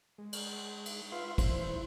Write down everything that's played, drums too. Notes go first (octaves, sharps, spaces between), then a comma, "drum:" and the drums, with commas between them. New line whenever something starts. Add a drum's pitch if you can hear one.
G#3
drum: cymbal
drum: cymbal
F4 B4 E5 F5 C6
E3 E4 C5, drum: kick, cymbal